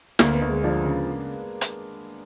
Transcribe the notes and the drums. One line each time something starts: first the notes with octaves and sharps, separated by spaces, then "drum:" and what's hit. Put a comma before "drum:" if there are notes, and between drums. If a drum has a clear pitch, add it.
D2 A#3, drum: snare
B3
D2
G#3
F3 D4
C#3
drum: hi-hat